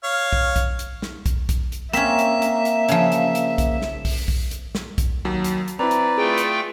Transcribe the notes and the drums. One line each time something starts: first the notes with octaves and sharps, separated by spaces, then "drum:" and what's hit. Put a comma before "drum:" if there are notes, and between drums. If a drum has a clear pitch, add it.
C#5 F5
drum: kick B1
drum: kick B1, hi-hat
drum: hi-hat
drum: snare
drum: kick B1, hi-hat
drum: kick B1, hi-hat
drum: hi-hat
A#3 C4 C#4 E5 B6 E7, drum: hi-hat
drum: hi-hat
drum: hi-hat
drum: hi-hat
C#3 F3, drum: hi-hat
drum: hi-hat
drum: hi-hat
drum: kick B1, hi-hat
drum: snare
drum: kick B1, open hi-hat
drum: kick B1
drum: hi-hat
drum: snare
drum: kick B1, hi-hat
D#2 F#3
drum: hi-hat
drum: hi-hat
C4 E4 B4 D5 A#5
drum: hi-hat
A3 F4 G#4 G5
drum: hi-hat